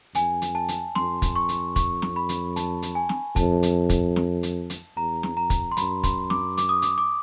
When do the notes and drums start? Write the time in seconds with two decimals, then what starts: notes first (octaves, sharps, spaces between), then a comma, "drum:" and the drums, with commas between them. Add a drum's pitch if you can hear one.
0.15 F2 G#5, drum: hi-hat
0.42 drum: hi-hat
0.55 A5
0.68 drum: hi-hat
0.95 F2 C6, drum: snare
1.22 drum: kick, hi-hat
1.35 C#6
1.49 drum: hi-hat
1.76 C#6, drum: kick, hi-hat
2.02 drum: snare
2.16 B5
2.29 drum: hi-hat
2.56 A5, drum: hi-hat
2.82 drum: hi-hat
2.95 G#5
3.09 drum: snare
3.36 F2 A5, drum: kick, hi-hat
3.63 drum: hi-hat
3.89 drum: kick, hi-hat
4.16 drum: snare
4.43 drum: hi-hat
4.70 drum: hi-hat
4.97 E2 A#5
5.23 drum: snare
5.36 F2 A#5
5.50 drum: kick, hi-hat
5.71 C6
5.77 F#2 B5, drum: hi-hat
6.03 C6, drum: kick, hi-hat
6.30 D6, drum: snare
6.58 D6, drum: hi-hat
6.69 D#6
6.82 D6, drum: hi-hat
6.98 D6